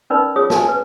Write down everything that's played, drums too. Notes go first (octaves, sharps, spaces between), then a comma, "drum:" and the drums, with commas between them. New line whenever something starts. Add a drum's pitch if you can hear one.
C#4 D#4 A#4 B4 D5 B5
F4 G#4 C#5 D#6
G#5 A5, drum: snare
B4